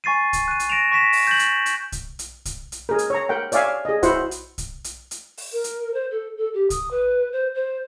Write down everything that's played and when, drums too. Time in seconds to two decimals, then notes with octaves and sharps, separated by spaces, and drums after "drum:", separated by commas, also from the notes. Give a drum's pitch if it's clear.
0.04 G#5 C#6 A6 C7 D#7
0.33 drum: kick, hi-hat
0.48 F#6 D#7
0.60 drum: hi-hat
0.70 A#6 D7 E7 F7
0.92 C#6 A#6 B6 E7
1.13 drum: open hi-hat
1.27 G6 A6 F#7
1.39 drum: hi-hat
1.66 drum: hi-hat
1.92 drum: kick, hi-hat
2.19 drum: hi-hat
2.45 drum: kick, hi-hat
2.72 drum: hi-hat
2.89 G#4 A#4
2.99 drum: hi-hat
3.10 C#5 A#5
3.29 A#4 F#5 G5
3.52 C#5 D5 E5 F5 G#5, drum: hi-hat
3.85 G#4 D#5
4.03 E4 F#4 C5 F#5, drum: kick, hi-hat
4.31 drum: hi-hat
4.58 drum: kick, hi-hat
4.84 drum: hi-hat
5.11 drum: hi-hat
5.37 drum: open hi-hat
5.53 A#4
5.64 drum: hi-hat
5.94 C5
6.11 A4
6.37 A4
6.54 G4
6.70 D#6, drum: kick, hi-hat
6.91 B4
7.32 C5
7.55 C5